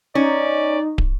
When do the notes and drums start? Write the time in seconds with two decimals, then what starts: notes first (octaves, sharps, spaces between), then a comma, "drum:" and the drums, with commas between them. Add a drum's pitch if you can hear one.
0.15 C#4 D#4 D5
0.98 drum: kick